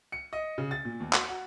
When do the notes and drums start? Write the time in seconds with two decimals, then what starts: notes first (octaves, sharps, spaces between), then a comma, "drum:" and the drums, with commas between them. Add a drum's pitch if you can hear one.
0.12 C#7
0.33 D#5
0.58 C#3
0.71 A6
0.85 A#2
1.00 D#2
1.13 F#4, drum: clap
1.28 F#4